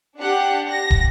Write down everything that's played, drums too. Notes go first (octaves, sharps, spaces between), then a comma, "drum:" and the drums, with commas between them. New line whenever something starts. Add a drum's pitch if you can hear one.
D4 G4 F#5
A#6
drum: kick